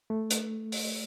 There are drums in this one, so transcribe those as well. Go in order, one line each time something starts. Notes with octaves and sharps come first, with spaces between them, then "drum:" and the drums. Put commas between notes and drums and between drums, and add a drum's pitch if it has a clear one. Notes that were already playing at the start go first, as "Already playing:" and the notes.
A3
drum: hi-hat
drum: open hi-hat